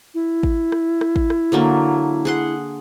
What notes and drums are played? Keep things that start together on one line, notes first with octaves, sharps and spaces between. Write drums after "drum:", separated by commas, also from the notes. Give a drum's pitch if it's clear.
E4
drum: kick
drum: rim click
drum: rim click
drum: kick
drum: rim click
D3 F#3 A#3
G#4 F#5 C6